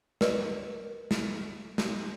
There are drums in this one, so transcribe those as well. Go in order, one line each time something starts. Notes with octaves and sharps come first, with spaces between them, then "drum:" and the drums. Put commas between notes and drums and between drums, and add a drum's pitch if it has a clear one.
A#4 B4 D5 D#5, drum: snare
drum: snare
drum: snare